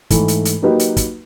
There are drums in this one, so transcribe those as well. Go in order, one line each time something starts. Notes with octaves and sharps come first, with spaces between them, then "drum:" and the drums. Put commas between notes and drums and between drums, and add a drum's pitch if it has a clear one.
G#2 E3 A3, drum: kick, hi-hat
drum: hi-hat
drum: hi-hat
F#3 A#3 D#4 G4 B4
drum: hi-hat
drum: kick, hi-hat